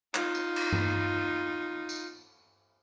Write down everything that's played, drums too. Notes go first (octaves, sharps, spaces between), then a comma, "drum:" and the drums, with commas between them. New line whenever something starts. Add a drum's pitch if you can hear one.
D#4 F4, drum: clap
drum: tambourine
drum: cymbal
drum: tom G2
drum: tambourine